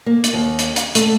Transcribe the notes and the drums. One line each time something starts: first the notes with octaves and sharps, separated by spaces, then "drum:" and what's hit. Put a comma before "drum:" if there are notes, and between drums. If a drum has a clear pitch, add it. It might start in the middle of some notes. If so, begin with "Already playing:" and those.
A#3
drum: hi-hat
D#2
drum: hi-hat
drum: hi-hat
A3, drum: hi-hat